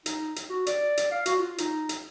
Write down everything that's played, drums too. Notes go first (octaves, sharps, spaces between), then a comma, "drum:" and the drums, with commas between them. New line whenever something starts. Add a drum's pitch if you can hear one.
D#4, drum: hi-hat
drum: hi-hat
F#4
D5, drum: hi-hat
drum: hi-hat
F5
F#4, drum: hi-hat
F4
D#4, drum: hi-hat
drum: hi-hat